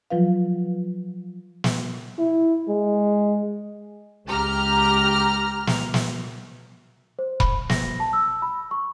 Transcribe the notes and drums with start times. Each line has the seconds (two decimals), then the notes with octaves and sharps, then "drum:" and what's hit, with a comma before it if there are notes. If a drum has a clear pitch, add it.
0.10 F3 F#3 F4 B4 F5
1.64 drum: snare
2.18 E4
2.68 G#3
4.26 C#2 G4 A#5 F6
5.67 drum: snare
5.94 drum: snare
7.19 C5
7.40 B5, drum: kick E1
7.69 A#6, drum: snare
8.00 A5
8.13 E6
8.42 B5
8.71 C#6